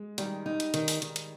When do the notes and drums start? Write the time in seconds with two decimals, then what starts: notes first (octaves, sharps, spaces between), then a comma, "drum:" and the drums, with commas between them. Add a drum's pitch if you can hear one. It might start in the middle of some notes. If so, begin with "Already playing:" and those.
Already playing: G#3
0.18 D#3 G3, drum: hi-hat
0.46 D#4
0.60 drum: hi-hat
0.74 D#3, drum: hi-hat
0.88 drum: open hi-hat
1.02 D#3, drum: hi-hat
1.16 drum: hi-hat